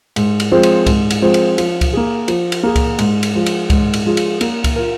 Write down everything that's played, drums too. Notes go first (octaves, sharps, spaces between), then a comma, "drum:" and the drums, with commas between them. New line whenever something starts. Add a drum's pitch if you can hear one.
G#2, drum: cymbal
drum: cymbal
F3 G#3 C4
drum: cymbal
G#2, drum: kick C#2, cymbal
drum: cymbal
F3 G#3 C4
drum: cymbal
F3, drum: cymbal
drum: kick C#2, cymbal
A#3 G#4
F3, drum: cymbal
drum: cymbal
A#3 G#4
drum: kick C#2, cymbal
G#2, drum: cymbal
drum: cymbal
F3 G#3 F4 G#4
drum: cymbal
G#2, drum: kick C#2, cymbal
drum: cymbal
F3 G#3 F4 G#4
drum: cymbal
A#3, drum: cymbal
drum: kick C#2, cymbal
F4 A#4